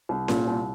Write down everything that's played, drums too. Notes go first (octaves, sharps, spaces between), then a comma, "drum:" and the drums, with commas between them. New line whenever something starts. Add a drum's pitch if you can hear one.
C2
A#2, drum: snare C#4
C2